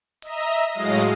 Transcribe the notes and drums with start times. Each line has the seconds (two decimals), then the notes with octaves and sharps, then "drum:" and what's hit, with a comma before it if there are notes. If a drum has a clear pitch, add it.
0.22 D#5 E5 A#5, drum: hi-hat
0.41 drum: hi-hat
0.59 drum: hi-hat
0.73 A2 F#3 G#3 D#5 F5 A#6
0.96 drum: open hi-hat